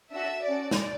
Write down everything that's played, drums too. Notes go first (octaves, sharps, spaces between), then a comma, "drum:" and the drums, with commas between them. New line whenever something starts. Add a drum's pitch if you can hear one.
D4 F#4 A4 E5
C#4 F#4 A4 D5
drum: snare